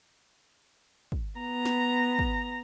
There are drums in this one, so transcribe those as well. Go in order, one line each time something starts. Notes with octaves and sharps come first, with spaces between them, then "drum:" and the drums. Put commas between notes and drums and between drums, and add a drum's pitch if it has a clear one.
drum: kick
B3 A#5
drum: snare
drum: kick